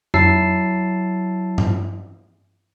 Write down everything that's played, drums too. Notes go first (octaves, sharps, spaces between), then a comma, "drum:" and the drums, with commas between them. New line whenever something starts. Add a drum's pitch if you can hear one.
F#3 E4 A5 E6 C7, drum: tom F2
drum: tom G2